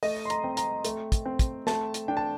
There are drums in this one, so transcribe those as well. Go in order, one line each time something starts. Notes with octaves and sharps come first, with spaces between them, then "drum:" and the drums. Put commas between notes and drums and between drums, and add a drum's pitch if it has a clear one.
A3 D#5, drum: open hi-hat
C6
A#5, drum: hi-hat
C4
A#5, drum: hi-hat
A3, drum: hi-hat
drum: kick, hi-hat
C4
drum: kick, hi-hat
A3 A5, drum: snare
drum: hi-hat
D4 G5
A5